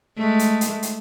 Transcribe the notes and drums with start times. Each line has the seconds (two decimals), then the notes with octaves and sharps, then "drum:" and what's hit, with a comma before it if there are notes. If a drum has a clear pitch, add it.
0.18 G#3 A3
0.39 drum: hi-hat
0.61 drum: hi-hat
0.83 drum: hi-hat